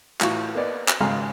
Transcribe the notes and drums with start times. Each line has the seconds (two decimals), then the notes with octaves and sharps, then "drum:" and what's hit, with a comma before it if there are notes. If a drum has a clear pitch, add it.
0.21 A2 E3 F4 F#4 C#6, drum: clap
0.55 A#3 B3 D5 D#5
0.88 drum: clap
1.00 G#1 C#3 G#3 F5 A#5 F6